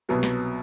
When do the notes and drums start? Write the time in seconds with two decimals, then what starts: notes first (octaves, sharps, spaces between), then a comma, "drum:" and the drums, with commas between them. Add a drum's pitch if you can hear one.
0.09 C2 B2 F#3 B3
0.23 drum: snare